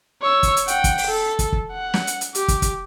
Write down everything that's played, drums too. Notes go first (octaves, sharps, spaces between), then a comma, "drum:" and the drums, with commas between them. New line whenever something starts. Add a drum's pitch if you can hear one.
C#5 E6
drum: kick, hi-hat
drum: hi-hat
F#5 G5, drum: hi-hat
drum: kick, hi-hat
drum: open hi-hat
A4
drum: kick, hi-hat
drum: kick
F#5
drum: snare
drum: hi-hat
drum: hi-hat
G4, drum: hi-hat
drum: kick, hi-hat
drum: kick, hi-hat